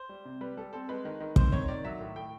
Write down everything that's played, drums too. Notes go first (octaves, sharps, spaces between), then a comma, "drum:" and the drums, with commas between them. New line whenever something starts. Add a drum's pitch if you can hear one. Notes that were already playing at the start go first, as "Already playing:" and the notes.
Already playing: C5
G3
C3
G3 B4
G3 A4
C4 A4
G#3 B4
D#3
D#3
C4 C5, drum: kick
D#3 C#5
D#3 D5
F#3 E5
A2
A2 G5